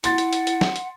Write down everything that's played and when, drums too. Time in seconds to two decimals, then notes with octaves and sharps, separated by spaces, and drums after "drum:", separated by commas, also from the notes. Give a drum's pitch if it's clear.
0.04 E4 F#5 C6 A6, drum: hi-hat
0.18 drum: hi-hat
0.33 drum: hi-hat
0.47 drum: hi-hat
0.61 drum: snare
0.76 drum: hi-hat